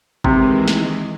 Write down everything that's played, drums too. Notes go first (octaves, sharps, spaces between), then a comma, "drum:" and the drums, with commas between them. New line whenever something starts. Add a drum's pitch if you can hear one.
C3 D#3 E3 G#3, drum: kick G#1
drum: snare